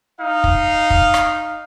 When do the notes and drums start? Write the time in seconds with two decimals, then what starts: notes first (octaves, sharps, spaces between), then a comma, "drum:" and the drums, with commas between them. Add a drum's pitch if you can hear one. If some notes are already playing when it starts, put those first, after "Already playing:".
0.20 D#4 F5
0.44 drum: kick
0.90 drum: kick
1.14 drum: rim click